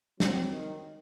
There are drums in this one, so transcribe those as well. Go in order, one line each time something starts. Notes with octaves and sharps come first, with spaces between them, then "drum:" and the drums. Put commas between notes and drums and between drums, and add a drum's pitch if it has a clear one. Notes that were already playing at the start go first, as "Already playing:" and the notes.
F#3 C4, drum: snare
D#3